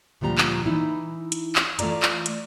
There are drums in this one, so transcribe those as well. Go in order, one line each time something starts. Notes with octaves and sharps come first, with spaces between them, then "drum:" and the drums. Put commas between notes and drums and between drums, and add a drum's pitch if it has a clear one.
D2 A#2 F3 G3 A#5
drum: clap
E3 D#4 E4
drum: hi-hat
drum: clap
E3 A3 F4 D5 A#5, drum: hi-hat
drum: clap
drum: hi-hat